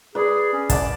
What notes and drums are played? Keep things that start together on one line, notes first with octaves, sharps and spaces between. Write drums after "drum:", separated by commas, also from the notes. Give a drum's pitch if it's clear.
G#4 B4 D5
C#4
D5 F#5 A5, drum: kick, hi-hat